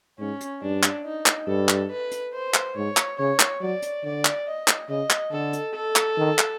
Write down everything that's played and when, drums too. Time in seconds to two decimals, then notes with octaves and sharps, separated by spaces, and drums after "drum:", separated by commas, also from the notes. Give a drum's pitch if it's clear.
0.19 G#2 C#4
0.41 drum: hi-hat
0.62 G2 D4
0.83 drum: clap
1.05 D#4
1.26 drum: clap
1.47 G2 A4
1.69 drum: clap
1.91 B4
2.11 drum: hi-hat
2.33 C5
2.54 drum: clap
2.75 G#2 C#5
2.97 drum: clap
3.18 C#3 C#5
3.40 drum: clap
3.61 F#3 D5
3.82 drum: hi-hat
4.03 D3 D5
4.25 drum: clap
4.46 D#5
4.68 drum: clap
4.89 C#3 D#5
5.10 drum: clap
5.31 D3 A4
5.53 drum: hi-hat
5.74 A4
5.96 drum: clap
6.17 D#3
6.39 drum: clap